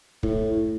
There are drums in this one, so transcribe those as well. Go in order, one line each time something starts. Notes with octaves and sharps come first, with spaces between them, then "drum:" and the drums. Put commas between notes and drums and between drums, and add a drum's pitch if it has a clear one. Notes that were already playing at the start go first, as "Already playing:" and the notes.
A2, drum: kick